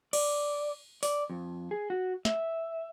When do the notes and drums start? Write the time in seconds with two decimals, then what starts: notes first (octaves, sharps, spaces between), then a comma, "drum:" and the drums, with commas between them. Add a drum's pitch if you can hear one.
0.13 D5, drum: cymbal
1.03 D5, drum: open hi-hat
1.30 F2
1.71 G#4
1.90 F#4
2.25 E5, drum: snare